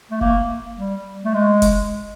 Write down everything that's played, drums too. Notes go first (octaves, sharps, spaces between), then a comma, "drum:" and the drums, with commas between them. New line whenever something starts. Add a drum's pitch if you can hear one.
A3
A#3, drum: kick F1
G3
A3
G#3
drum: kick F1, hi-hat